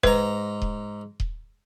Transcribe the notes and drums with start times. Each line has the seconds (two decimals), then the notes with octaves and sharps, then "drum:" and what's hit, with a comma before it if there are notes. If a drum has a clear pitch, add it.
0.03 G#2 B4 A#5, drum: kick D#1
0.62 drum: kick D#1
1.20 drum: kick D#1